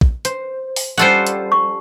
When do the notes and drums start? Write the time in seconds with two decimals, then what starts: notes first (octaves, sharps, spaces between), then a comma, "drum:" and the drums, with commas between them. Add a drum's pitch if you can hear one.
0.01 drum: kick
0.25 C5, drum: hi-hat
0.76 drum: open hi-hat
0.97 G3 C#4 F4 A4 C5 F#5
1.27 drum: hi-hat
1.52 C#6